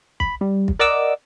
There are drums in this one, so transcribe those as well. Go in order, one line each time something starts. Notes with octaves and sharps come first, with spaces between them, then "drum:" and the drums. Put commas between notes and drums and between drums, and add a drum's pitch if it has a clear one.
B5, drum: kick
G3
drum: kick
A#4 D5 D#5 F#5 D6 E6